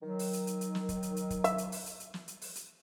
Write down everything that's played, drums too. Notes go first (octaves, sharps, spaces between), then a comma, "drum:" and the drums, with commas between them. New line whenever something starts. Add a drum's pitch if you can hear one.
D#3 F#3
drum: open hi-hat
drum: hi-hat
drum: hi-hat
drum: hi-hat
drum: snare
drum: kick, hi-hat
drum: hi-hat
drum: hi-hat
drum: kick, hi-hat
E5, drum: hi-hat
drum: hi-hat
drum: open hi-hat
drum: hi-hat
drum: hi-hat
drum: snare
drum: hi-hat
drum: open hi-hat
drum: hi-hat